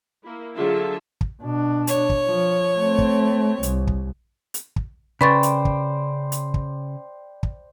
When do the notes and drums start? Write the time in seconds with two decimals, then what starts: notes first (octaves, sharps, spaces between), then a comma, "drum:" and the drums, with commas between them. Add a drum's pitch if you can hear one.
0.23 A#3 E4
0.56 D3 F#3 F4 G#4 E5 A5
1.21 drum: kick
1.42 B2 D4
1.87 C#5, drum: hi-hat
2.10 drum: kick
2.27 F3
2.78 A3 C4
2.98 drum: kick
3.63 C2, drum: hi-hat
3.87 drum: kick
4.54 drum: hi-hat
4.76 drum: kick
5.21 C#3 B4 C5 D5 G5 B5 C#6 A6
5.43 drum: hi-hat
5.65 drum: kick
6.32 drum: hi-hat
6.54 drum: kick
7.43 drum: kick